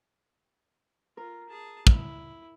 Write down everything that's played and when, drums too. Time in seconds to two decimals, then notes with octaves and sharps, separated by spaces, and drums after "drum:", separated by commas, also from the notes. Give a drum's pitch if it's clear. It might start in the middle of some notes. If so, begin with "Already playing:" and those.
1.17 F4 A#4
1.49 G#4 A5
1.87 E4, drum: kick